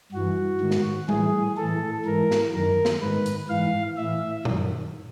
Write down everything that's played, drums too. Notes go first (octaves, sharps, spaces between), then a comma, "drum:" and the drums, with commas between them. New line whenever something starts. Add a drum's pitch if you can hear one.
G2 E3 F#4
G#2 D#3
drum: snare
A2 E3 G#4, drum: tom G3
A2 E3 A4
G#2 E3 A#4
drum: snare
F#2 D#3 A#4
drum: snare
G#2 D#3 B4
drum: hi-hat
G#2 E3 F5
A2 E3 E5
F#2 D#3, drum: tom A#2